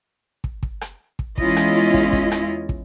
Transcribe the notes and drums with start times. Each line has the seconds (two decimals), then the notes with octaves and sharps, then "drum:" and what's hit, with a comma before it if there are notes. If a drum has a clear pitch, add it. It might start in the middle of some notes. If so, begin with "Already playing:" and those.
0.44 drum: kick
0.63 drum: kick
0.81 drum: rim click
1.19 drum: kick
1.38 E2 G#3 C#4 E4 F4 D#5, drum: kick
1.56 drum: rim click
1.94 drum: kick
2.13 drum: kick
2.32 drum: rim click
2.69 drum: kick